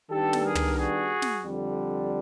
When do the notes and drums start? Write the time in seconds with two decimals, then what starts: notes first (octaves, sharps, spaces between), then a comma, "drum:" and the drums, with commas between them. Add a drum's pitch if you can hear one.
0.10 D#3 G3 B3 D4 G4 A4
0.33 drum: snare
0.44 G#4 A#4
0.55 drum: tom
0.78 F#4 G#4
1.22 drum: snare
1.44 F2 D3 G3